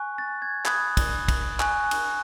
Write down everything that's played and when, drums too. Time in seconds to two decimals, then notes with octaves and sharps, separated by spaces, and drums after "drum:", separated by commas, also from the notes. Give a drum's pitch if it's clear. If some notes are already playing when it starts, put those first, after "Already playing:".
Already playing: G#5 C#6 F#6
0.18 A6
0.42 G#6
0.66 B5 D#6 F#6 G#6, drum: clap
0.97 drum: kick, cymbal
1.28 drum: kick, cymbal
1.60 G#5 C#6 F#6, drum: clap
1.91 drum: cymbal